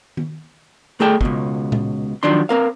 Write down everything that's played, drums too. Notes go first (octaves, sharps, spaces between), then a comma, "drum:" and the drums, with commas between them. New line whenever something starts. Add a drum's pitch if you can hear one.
drum: tom
A3 G#4 A4 G5
C#2 G2 B2, drum: kick
drum: tom A#2
D#3 F3 F#3 D4 C6
C4 A#4 F5